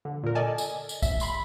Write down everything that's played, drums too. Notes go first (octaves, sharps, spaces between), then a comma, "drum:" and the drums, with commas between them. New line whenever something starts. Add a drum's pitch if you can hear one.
D3
A#2 A#4
A4 D5 D#5 G#5 A5
drum: tambourine
drum: tambourine
E5, drum: kick, tambourine
B5 C6 B6, drum: tambourine